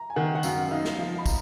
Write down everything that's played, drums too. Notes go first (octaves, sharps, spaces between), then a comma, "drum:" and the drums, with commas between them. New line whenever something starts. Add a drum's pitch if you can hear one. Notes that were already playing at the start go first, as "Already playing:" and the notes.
Already playing: A#5
G#5
D#3 F#5
F#5
F#2 F5, drum: tambourine
D#4 F5
drum: snare
F3 F5
B5
A#5, drum: kick, tambourine